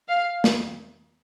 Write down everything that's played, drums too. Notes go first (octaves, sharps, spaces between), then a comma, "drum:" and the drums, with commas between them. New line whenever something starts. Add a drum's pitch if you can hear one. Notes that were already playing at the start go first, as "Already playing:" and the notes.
F5
drum: snare